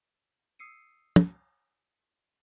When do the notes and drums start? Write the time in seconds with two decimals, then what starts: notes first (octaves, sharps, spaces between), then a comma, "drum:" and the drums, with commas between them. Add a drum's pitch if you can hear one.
0.59 D#6 E6 C7 C#7 D#7
1.16 drum: tom